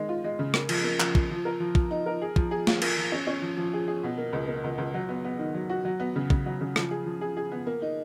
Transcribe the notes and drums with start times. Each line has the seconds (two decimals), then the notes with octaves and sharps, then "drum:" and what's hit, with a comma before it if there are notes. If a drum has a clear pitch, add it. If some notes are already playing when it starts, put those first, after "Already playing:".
Already playing: D#3 G#3
0.09 F4
0.24 G#3
0.39 C#3
0.54 A#3, drum: rim click
0.69 F3, drum: cymbal
0.84 A#3
1.00 F3, drum: clap
1.15 F3, drum: kick
1.31 F3
1.45 A#4
1.60 F3
1.75 F3, drum: kick
1.91 D#4
2.06 A#4
2.22 G#4
2.36 F3, drum: kick
2.51 G#4
2.67 F4, drum: snare
2.82 A#3, drum: cymbal
2.97 F3
3.12 C#4
3.27 C#4
3.42 F3
3.57 F3
3.73 G#4
3.88 G#4
4.04 B2
4.18 A#3
4.33 C#2
4.48 A#3
4.64 C#2
4.78 C#2
4.94 F#3
5.09 B3
5.24 B3
5.39 D#3
5.54 F#3
5.70 F#4
5.85 F#3
6.00 B3
6.16 C#3
6.30 C#3, drum: kick
6.46 F#3
6.61 C#3
6.76 F3, drum: rim click
6.91 G#4
7.06 F3
7.21 G#4
7.37 G#4
7.52 B3
7.67 A#3
7.82 D#4